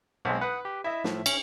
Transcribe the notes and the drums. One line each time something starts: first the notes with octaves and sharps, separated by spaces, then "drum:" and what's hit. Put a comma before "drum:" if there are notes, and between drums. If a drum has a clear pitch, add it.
B1 G#3 B3 C4
B4 F#5 D#6
G4
E4 D#5 E5
A2 F3, drum: snare
C#4, drum: cymbal